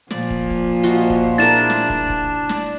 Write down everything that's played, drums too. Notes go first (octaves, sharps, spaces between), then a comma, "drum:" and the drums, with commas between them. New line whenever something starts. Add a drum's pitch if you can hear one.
A#2 F3 D5, drum: snare
drum: kick
drum: kick
F4 F#4 D#5
drum: kick
D4 E4 G#4 A#4 A6 E7
drum: snare
drum: kick
drum: kick
drum: snare